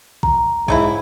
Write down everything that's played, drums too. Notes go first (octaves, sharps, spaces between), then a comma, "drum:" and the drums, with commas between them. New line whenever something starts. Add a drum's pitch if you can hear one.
A#5, drum: kick
G#2 C#3 D#4 E4, drum: kick